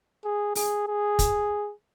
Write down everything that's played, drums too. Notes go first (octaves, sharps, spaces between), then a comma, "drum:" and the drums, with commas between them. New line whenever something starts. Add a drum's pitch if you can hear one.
G#4
G#4, drum: open hi-hat
G#4
drum: kick, hi-hat